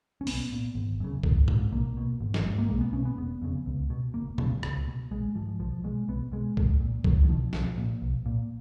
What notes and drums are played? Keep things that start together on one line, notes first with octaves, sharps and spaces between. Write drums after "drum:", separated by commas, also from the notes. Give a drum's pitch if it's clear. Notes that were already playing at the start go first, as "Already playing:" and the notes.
C#4
B1 B3, drum: open hi-hat
A#2
G#1
F#2 C#3
G#1, drum: kick C2
G#2, drum: tom A2
B1 A#3
B2
G#1
drum: snare
G#2
A#3
B1 G#3
B3
B2 C#4
B3
F1 B3
F2 C#3
C#2
B2
F#1 A#3
F#2 C#3, drum: tom A#2
C#2, drum: rim click
B2
A#1 G#3
G#2 F3
B1 F3
B2 G#3
B1 B3
B2 G#3
A#1, drum: kick C2
A#2
C#2 F#3, drum: kick C2
D#3
B2 F3
B1 F3, drum: snare
A#2
B1
A#2